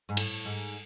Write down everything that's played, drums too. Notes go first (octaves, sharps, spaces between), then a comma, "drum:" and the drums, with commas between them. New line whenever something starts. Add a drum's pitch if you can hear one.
G#2
A2, drum: cymbal
G#2